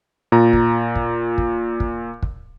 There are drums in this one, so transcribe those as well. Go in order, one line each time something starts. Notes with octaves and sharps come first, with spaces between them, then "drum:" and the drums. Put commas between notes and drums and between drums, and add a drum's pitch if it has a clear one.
A#2 A#5
drum: kick
drum: kick
drum: kick
drum: kick
drum: kick